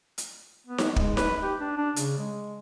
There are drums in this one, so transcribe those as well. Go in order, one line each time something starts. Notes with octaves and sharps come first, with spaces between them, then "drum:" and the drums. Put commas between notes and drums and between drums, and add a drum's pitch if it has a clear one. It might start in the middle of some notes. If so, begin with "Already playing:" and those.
drum: hi-hat
B3
drum: snare D#4
G#3, drum: kick
B4, drum: snare D#4
G4
D4
D4
C#3, drum: hi-hat
G#3